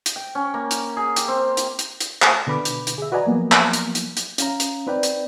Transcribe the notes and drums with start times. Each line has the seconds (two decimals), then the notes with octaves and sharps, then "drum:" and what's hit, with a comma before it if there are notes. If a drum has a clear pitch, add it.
0.06 drum: hi-hat
0.16 G5
0.35 C#4
0.54 A#3
0.71 drum: hi-hat
0.97 G#4
1.16 G4, drum: hi-hat
1.28 C4
1.57 drum: hi-hat
1.79 drum: hi-hat
2.00 drum: hi-hat
2.22 drum: clap
2.47 B2 D3 B4 B5 D6
2.65 drum: hi-hat
2.87 drum: hi-hat
2.98 G#4 E5
3.12 F#4 B4 D5 D#5 G#5 A#5
3.26 F3 F#3 A#3 B3
3.52 drum: clap
3.73 drum: hi-hat
3.95 drum: hi-hat
4.17 drum: hi-hat
4.38 C#4 F5 A#5, drum: hi-hat
4.60 drum: hi-hat
4.87 C4 D#4 B4 D5 G5
5.03 drum: hi-hat